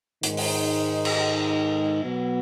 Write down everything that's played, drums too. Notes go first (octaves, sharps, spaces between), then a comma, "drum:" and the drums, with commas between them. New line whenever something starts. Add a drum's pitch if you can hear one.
G#2 D#3 G#3 D#4, drum: hi-hat
drum: open hi-hat
drum: cymbal
B2 F#3 B3